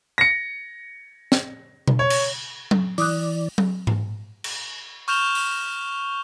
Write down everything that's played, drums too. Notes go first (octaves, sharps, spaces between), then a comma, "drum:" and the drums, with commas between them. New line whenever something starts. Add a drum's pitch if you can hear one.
A#6 C#7
drum: snare
drum: tom B2
C#5
drum: cymbal
drum: tom F#3
E3 D5 D6 D#6 F#6, drum: open hi-hat
drum: tom F#3
drum: tom G#2
drum: cymbal
C#6 F6 G6 E7 F7 G7, drum: open hi-hat
drum: open hi-hat